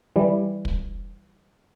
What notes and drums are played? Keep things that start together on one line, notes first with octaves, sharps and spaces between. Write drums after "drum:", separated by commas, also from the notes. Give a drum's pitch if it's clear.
E3 G3
drum: kick